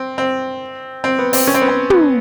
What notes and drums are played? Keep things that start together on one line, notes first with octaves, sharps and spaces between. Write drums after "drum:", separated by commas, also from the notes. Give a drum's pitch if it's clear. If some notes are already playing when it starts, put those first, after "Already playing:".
Already playing: C4
C4
C4
B3
C4, drum: open hi-hat
C#4
C4
B3
C4
B3, drum: tom